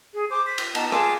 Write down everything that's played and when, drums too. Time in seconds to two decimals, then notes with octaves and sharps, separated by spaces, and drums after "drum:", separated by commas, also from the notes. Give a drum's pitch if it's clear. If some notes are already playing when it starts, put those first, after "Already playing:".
0.14 G#4
0.30 C5 D6
0.46 B6
0.58 drum: cymbal
0.75 B3 D#4 A5, drum: cymbal
0.92 F4 G#4 D6, drum: rim click